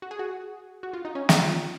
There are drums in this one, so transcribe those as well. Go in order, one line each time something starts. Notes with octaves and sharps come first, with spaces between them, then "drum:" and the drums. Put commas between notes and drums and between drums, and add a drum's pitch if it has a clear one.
F#4
G#4
F#4
F#4
F4
D#4
C#4
drum: snare
F4